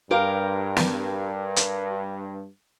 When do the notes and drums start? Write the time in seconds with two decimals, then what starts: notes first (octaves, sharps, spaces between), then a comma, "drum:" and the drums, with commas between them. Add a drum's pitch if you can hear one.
0.11 G2 G4 A#4 F5
0.76 drum: snare
1.56 drum: hi-hat